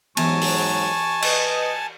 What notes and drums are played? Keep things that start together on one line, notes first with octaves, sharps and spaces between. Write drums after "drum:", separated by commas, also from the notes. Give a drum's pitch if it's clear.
G#2 E3 F#3 B3 G#5 A5 C#6, drum: cymbal
drum: open hi-hat
B4 D#5, drum: cymbal